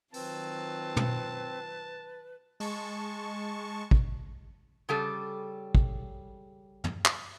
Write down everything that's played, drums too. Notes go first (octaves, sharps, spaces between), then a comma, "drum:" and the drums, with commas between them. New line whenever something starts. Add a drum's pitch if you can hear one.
D#3 F#3 C4 F4 B4 A5, drum: open hi-hat
drum: tom
G#3 A5 C#6, drum: open hi-hat
drum: kick
C#3 G3 A4
drum: kick
drum: tom
drum: clap